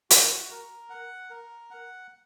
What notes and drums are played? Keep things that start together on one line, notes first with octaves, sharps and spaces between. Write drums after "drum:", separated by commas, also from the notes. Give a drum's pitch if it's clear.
F#4, drum: hi-hat
A#4
F#5
A#4
F#5